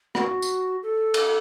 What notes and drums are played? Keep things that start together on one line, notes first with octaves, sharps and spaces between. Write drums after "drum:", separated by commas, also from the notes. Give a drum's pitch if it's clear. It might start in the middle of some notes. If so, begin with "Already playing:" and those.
F#4, drum: rim click
drum: tambourine
A4
drum: cymbal